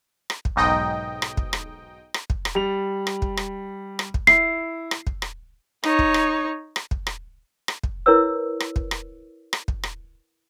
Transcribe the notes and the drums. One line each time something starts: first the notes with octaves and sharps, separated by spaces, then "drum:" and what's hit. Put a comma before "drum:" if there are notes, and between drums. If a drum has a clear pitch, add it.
drum: rim click
drum: kick
B1 G#2 D#4 D#5 G5
drum: rim click
drum: kick
drum: rim click
drum: rim click
drum: kick
drum: rim click
G3 F7
drum: rim click
drum: kick
drum: rim click
drum: rim click
drum: kick
E4 C7, drum: rim click
drum: rim click
drum: kick
drum: rim click
D#4 C#5, drum: rim click
drum: kick
drum: rim click
drum: rim click
drum: kick
drum: rim click
drum: rim click
drum: kick
E4 A#4 B4 C#5 E6
drum: rim click
drum: kick
drum: rim click
drum: rim click
drum: kick
drum: rim click